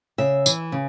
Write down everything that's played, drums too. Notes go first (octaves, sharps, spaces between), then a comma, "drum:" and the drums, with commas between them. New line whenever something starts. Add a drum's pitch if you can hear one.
C#3 E5
E3, drum: tambourine
C#3